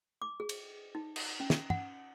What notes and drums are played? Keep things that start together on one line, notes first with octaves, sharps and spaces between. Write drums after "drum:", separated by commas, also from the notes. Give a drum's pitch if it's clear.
D6
G#4
drum: cymbal
D#4
drum: cymbal
C#4
drum: snare
F#5, drum: tom